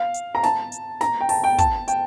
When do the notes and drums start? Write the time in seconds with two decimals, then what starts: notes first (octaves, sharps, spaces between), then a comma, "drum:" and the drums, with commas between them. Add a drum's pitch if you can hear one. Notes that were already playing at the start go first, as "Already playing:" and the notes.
Already playing: F5
0.14 drum: hi-hat
0.35 A#5
0.43 A5, drum: snare
0.72 drum: hi-hat
1.01 A#5, drum: snare
1.21 G5
1.29 A5, drum: open hi-hat
1.44 G5
1.58 A5, drum: kick, hi-hat
1.88 G5, drum: hi-hat